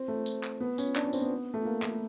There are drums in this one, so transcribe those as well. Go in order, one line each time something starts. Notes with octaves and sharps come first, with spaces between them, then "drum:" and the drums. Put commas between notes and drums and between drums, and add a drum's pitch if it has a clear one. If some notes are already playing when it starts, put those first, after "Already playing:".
Already playing: C4
A3
drum: tambourine
drum: clap
B3
C#4, drum: tambourine
D4, drum: clap
C#4
C4, drum: tambourine
B3
A3
A#3
A3, drum: clap